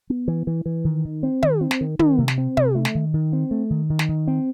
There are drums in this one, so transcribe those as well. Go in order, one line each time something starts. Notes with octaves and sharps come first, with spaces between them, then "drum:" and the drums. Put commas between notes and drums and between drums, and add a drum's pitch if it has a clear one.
B3
E3
E3
E3
D#3
D#3
C4
D#3, drum: tom
C4
drum: snare
D#3
D#3, drum: tom
C3
drum: snare
C4
C3, drum: tom
A3
drum: snare
D#3
D#3
C4
A3
D#3
D#3
drum: snare
D#3
C4